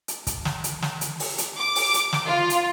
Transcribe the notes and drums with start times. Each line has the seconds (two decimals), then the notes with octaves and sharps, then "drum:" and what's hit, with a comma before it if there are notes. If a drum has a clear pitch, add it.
0.08 drum: hi-hat
0.27 drum: kick, hi-hat
0.45 drum: snare
0.64 drum: hi-hat
0.82 drum: snare
1.01 drum: hi-hat
1.20 drum: open hi-hat
1.38 drum: hi-hat
1.57 D6
1.75 drum: open hi-hat
1.94 drum: hi-hat
2.13 drum: snare
2.25 F4
2.50 drum: hi-hat